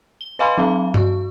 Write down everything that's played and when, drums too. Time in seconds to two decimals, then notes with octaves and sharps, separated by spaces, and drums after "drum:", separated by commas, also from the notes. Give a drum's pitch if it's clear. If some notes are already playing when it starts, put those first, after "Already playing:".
0.21 G7
0.39 B4 D#5 F5 G#5 B5 C6
0.58 F#3 C4 F5 A5
0.94 F#4 C#6, drum: tom G2